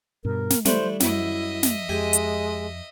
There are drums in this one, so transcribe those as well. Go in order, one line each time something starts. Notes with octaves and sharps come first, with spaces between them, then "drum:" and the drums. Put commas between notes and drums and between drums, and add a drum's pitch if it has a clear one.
G2 B2 A#4
drum: snare
G3 A3 D4 E4 C5, drum: snare
F#2 E4 D#5 E5, drum: snare
drum: snare
F2 G#3 G4 G#5
drum: hi-hat